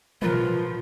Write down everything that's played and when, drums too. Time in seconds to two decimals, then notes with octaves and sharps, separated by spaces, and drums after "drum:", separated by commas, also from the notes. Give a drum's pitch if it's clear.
0.22 B2 F3 F4 A#4 B4, drum: tom